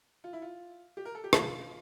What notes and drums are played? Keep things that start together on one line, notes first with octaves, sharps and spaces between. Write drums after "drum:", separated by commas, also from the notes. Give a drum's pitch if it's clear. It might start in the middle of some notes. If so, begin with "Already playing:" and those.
F4
E4
F4
G4
A#4
A4
G4
F4, drum: rim click